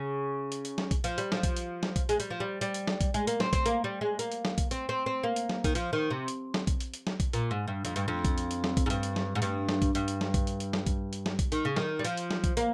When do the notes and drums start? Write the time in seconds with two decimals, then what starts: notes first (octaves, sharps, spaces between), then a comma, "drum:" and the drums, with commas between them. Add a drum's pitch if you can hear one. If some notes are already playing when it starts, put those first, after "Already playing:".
Already playing: C#3
0.52 drum: hi-hat
0.65 drum: hi-hat
0.78 drum: snare
0.91 drum: kick A#1, hi-hat
1.04 F3, drum: hi-hat
1.18 G3, drum: hi-hat
1.32 F3, drum: snare
1.43 drum: kick A#1, hi-hat
1.57 drum: hi-hat
1.83 drum: snare
1.96 drum: kick A#1, hi-hat
2.09 G#3, drum: hi-hat
2.20 G3, drum: hi-hat
2.30 F3
2.40 G3
2.61 G3, drum: hi-hat
2.74 drum: hi-hat
2.87 drum: snare
3.01 drum: kick A#1, hi-hat
3.14 G#3, drum: hi-hat
3.27 A#3, drum: hi-hat
3.40 C4, drum: snare
3.53 C4, drum: kick A#1, hi-hat
3.66 A#3, drum: hi-hat
3.84 G3
4.01 G#3
4.19 A#3, drum: hi-hat
4.32 drum: hi-hat
4.45 drum: snare
4.58 drum: kick A#1, hi-hat
4.71 C4, drum: hi-hat
4.89 C4
5.06 C4
5.24 A#3
5.36 drum: hi-hat
5.49 drum: snare
5.64 D#3, drum: kick A#1, hi-hat
5.75 F3, drum: hi-hat
5.93 D#3
6.10 C3
6.28 drum: hi-hat
6.54 drum: snare
6.67 drum: kick A#1, hi-hat
6.80 drum: hi-hat
6.94 drum: hi-hat
7.07 drum: snare
7.20 drum: kick A#1, hi-hat
7.33 A#2, drum: hi-hat
7.51 G#2
7.68 G2
7.85 F2, drum: hi-hat
7.96 G2, drum: hi-hat
8.08 F2
8.25 drum: kick A#1, hi-hat
8.38 drum: hi-hat
8.51 drum: hi-hat
8.64 drum: snare
8.77 drum: kick A#1, hi-hat
8.86 G#2
8.90 G2, drum: hi-hat
9.03 drum: hi-hat
9.16 drum: snare
9.35 G#2
9.42 G2, drum: hi-hat
9.69 drum: snare
9.82 drum: kick A#1, hi-hat
9.95 G2, drum: hi-hat
10.08 drum: hi-hat
10.21 drum: snare
10.34 drum: kick A#1, hi-hat
10.47 drum: hi-hat
10.60 drum: hi-hat
10.73 drum: snare
10.86 drum: kick A#1, hi-hat
11.13 drum: hi-hat
11.26 drum: snare
11.39 drum: kick A#1, hi-hat
11.52 D#3, drum: hi-hat
11.65 C#3
11.76 D#3, drum: snare
11.99 G3
12.04 F3, drum: hi-hat
12.17 drum: hi-hat
12.31 drum: snare
12.44 drum: kick A#1, hi-hat
12.57 A#3, drum: hi-hat